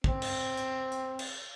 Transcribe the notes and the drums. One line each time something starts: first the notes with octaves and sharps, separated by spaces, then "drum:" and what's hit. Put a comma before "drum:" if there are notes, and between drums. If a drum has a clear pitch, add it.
C4, drum: kick
drum: cymbal
drum: hi-hat
drum: hi-hat
drum: cymbal